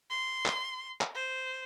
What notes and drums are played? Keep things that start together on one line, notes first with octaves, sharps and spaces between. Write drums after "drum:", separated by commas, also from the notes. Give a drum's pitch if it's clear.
C6
drum: clap
drum: clap
C5